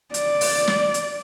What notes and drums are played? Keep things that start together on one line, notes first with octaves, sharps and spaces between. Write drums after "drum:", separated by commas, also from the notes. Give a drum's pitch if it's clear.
D5, drum: hi-hat
drum: open hi-hat
drum: snare
drum: hi-hat